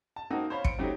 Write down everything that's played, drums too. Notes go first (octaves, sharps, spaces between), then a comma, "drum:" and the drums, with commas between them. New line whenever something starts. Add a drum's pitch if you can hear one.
A5
A#3 C4 D#4 F#4
C5 C#5 F5 B5
C#7 D7, drum: kick
F#3 A3 C4 D#4 G4